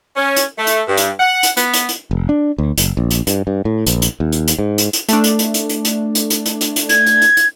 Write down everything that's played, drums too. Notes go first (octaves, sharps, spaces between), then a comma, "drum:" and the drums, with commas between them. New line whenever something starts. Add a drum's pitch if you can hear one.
C#4
drum: hi-hat
A3
drum: hi-hat
G2
drum: hi-hat
F#5
drum: hi-hat
B3, drum: hi-hat
drum: hi-hat
drum: hi-hat
F1
D4
D2
F#1, drum: hi-hat
A#1
drum: hi-hat
G2, drum: hi-hat
G2
A2
A#1, drum: hi-hat
drum: hi-hat
D#2
drum: hi-hat
drum: hi-hat
G#2
drum: hi-hat
drum: hi-hat
A3 D4, drum: hi-hat
drum: hi-hat
drum: hi-hat
drum: hi-hat
drum: hi-hat
drum: hi-hat
drum: hi-hat
drum: hi-hat
drum: hi-hat
drum: hi-hat
drum: hi-hat
G#6, drum: hi-hat
drum: hi-hat
drum: hi-hat
drum: hi-hat